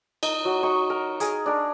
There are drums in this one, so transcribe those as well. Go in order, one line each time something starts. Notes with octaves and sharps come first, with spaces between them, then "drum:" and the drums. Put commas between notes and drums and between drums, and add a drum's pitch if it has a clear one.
D#4, drum: cymbal
F#3
D#4 C#6
A#4
G#4 A#4, drum: hi-hat
D4 A#4